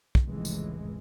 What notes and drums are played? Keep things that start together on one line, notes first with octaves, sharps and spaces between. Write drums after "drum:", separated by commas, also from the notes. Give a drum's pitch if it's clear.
drum: kick
F1 C#2 A2 E3 G#3
drum: tambourine